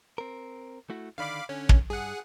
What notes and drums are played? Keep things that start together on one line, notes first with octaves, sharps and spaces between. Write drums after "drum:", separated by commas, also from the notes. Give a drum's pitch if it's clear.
C4 A#4
A3 E4 F#4
D3 D#3 D5 F5 B5 D6
D3 C#4
drum: kick
G2 G#4 F#5